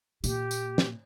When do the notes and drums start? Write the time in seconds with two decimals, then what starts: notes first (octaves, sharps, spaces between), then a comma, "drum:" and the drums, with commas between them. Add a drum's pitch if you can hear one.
0.24 A#2 G4, drum: tambourine
0.51 drum: tambourine
0.78 drum: snare